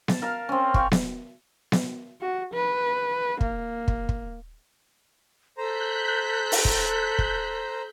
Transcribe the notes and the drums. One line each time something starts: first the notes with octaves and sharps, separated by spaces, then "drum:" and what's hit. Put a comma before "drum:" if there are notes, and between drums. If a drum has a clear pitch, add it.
A5, drum: snare B3
A#4 F5 A5
C4 C#4
F5 G5 C#6, drum: kick
drum: snare B3
drum: snare B3
F#4
B4
A#3, drum: kick
drum: kick
drum: kick
A4 C5 A#5 F#6 G6 B6
drum: open hi-hat
drum: kick
drum: kick